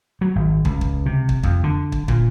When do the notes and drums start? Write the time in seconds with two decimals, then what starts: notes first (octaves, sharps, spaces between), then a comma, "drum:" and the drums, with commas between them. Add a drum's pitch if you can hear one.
0.21 F#3
0.35 G#1
0.65 C#2, drum: kick
0.81 drum: kick
1.06 C3
1.29 drum: kick
1.43 F2, drum: kick
1.63 D3
1.92 drum: kick
2.08 A#2, drum: kick